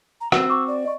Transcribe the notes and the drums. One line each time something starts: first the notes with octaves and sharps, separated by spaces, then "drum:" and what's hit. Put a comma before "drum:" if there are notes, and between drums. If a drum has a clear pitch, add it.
A#5
C4 F#4 F#5 E6, drum: rim click
C#6 D6
D5
D#5 C#6